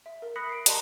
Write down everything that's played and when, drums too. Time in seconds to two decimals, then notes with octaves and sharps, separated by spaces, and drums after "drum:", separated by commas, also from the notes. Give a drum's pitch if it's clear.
0.06 E5
0.22 A#4
0.36 B5 D#6 F#6 A#6 B6 C#7
0.49 C7 D7
0.66 G4 D5 D#5 A5 A#5 C6, drum: hi-hat